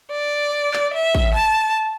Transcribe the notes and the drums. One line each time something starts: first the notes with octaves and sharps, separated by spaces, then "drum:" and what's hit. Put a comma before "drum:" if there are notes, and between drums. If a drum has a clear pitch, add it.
D5
drum: clap
E5
drum: kick A1
A5